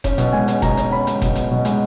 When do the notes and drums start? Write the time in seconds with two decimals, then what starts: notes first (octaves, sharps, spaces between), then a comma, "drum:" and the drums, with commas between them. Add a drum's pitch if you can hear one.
0.04 C#4, drum: kick E1, hi-hat
0.18 B2, drum: hi-hat
0.33 G#3 G#5
0.48 C#4, drum: hi-hat
0.62 B2 A#5, drum: kick E1, hi-hat
0.77 C#4, drum: hi-hat
0.92 C#4 B5
1.07 G#3, drum: hi-hat
1.22 B2, drum: kick E1, hi-hat
1.35 B2, drum: hi-hat
1.51 B2
1.65 G#3, drum: hi-hat